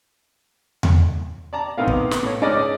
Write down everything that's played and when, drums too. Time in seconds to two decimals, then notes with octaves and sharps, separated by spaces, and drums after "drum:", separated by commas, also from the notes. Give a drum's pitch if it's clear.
0.83 drum: tom E2
1.53 D5 A5 A#5
1.78 A2 C3 B3 D#4 A#4 F5
1.87 drum: kick
2.11 drum: snare
2.23 A2 C#5
2.42 C#2 G#2 G#3 C#4 D5 D#5